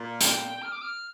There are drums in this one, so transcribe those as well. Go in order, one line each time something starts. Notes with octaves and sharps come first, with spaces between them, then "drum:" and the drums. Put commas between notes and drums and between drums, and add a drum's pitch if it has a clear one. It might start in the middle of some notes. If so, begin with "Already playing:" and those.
Already playing: A#2
G5, drum: hi-hat
F6
D6
F6